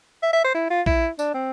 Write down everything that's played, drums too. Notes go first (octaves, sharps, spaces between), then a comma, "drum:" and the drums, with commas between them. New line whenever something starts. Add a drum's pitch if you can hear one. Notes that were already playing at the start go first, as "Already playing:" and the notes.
E5
E5
C5
E4
F4
E4, drum: kick A#1
D4, drum: tambourine
C4